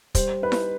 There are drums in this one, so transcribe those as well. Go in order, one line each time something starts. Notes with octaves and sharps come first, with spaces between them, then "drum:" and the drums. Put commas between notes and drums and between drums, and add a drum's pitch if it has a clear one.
G3 C5, drum: kick, hi-hat
D#4 B4
drum: snare E4